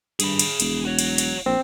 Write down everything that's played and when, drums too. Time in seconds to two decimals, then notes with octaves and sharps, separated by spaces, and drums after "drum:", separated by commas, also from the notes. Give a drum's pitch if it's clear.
0.20 G2 G#4 B5, drum: cymbal
0.39 drum: cymbal
0.60 E1, drum: cymbal
0.85 F#4 C#5
0.99 drum: cymbal
1.18 drum: cymbal
1.46 A#1 C4